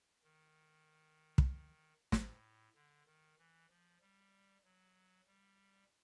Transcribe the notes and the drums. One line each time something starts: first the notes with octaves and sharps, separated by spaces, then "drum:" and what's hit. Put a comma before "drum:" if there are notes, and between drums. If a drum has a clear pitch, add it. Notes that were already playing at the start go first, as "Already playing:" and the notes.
D#3
drum: kick
A2, drum: snare
D3
D#3
E3
F3
G3
F#3
G3